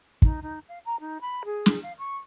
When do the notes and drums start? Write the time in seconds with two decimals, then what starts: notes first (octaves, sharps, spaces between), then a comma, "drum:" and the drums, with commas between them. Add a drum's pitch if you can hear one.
0.22 D#4, drum: kick
0.42 D#4
0.68 F5
0.85 A#5
1.00 D#4
1.21 B5
1.45 G#4
1.66 drum: snare
1.83 F5
1.98 C#6